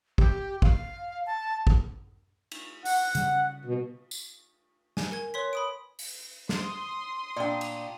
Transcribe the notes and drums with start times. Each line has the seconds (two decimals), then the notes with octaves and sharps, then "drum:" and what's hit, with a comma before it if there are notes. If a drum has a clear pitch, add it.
0.18 G4, drum: kick
0.62 F5, drum: kick
1.26 A5
1.67 drum: kick
2.51 drum: cymbal
2.85 F#5, drum: open hi-hat
3.15 C#3 G3, drum: hi-hat
3.65 B2
4.11 drum: tambourine
4.97 G#5, drum: snare
5.11 A#4 G#5 G#6
5.34 B4 C#5 C6 B6
5.53 B5 D#6 D7
5.99 drum: open hi-hat
6.49 C6 D#6, drum: snare
7.36 A#2 D4 D5 G5
7.61 drum: cymbal